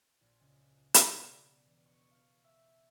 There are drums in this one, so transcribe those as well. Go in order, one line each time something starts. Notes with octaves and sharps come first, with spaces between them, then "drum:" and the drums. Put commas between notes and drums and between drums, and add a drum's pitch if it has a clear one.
A#1
C#2
D5, drum: hi-hat
B2
E1
C#6
F5
E5